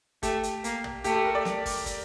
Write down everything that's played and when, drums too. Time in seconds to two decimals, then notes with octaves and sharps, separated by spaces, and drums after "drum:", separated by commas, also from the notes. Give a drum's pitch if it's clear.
0.23 A3 G4, drum: kick, hi-hat
0.43 drum: hi-hat
0.64 A#3, drum: hi-hat
0.84 drum: tom
1.04 A3 G4, drum: hi-hat
1.15 G4
1.25 A#4
1.35 D5
1.45 drum: snare
1.66 drum: kick, open hi-hat
1.86 drum: kick, hi-hat